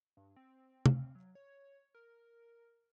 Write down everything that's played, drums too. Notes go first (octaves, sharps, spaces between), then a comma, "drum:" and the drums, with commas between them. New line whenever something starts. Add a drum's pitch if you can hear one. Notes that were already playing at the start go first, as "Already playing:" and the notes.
G2
C4
drum: tom
F#3
C#5
A#4